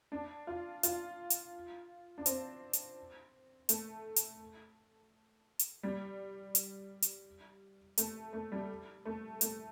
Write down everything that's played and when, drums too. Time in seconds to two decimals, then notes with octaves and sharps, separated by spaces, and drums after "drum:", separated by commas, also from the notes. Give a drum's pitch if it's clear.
0.12 D4
0.47 F4
0.83 F4, drum: hi-hat
1.30 drum: hi-hat
2.18 D4
2.26 C4, drum: hi-hat
2.73 drum: hi-hat
3.69 A3, drum: hi-hat
4.16 drum: hi-hat
5.59 drum: hi-hat
5.83 G3
6.55 drum: hi-hat
7.02 drum: hi-hat
7.98 A3, drum: hi-hat
8.33 A3
8.52 G3
9.05 A3
9.41 A3, drum: hi-hat